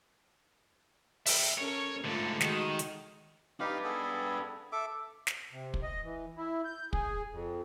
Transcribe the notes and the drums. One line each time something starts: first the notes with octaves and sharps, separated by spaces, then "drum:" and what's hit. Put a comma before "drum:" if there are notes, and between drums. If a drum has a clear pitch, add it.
E5 G5, drum: open hi-hat
C#4 A4 A#4 C#5
G#2 D3 A3 F4 A4
D#3 G#3 F#4, drum: snare
drum: hi-hat
D4 D#4 G4 B4 F5
B3 G#4 A4
A4 E5 D6
drum: snare
C3
drum: kick
D#5
E3
E4
G6
G#4, drum: kick
F2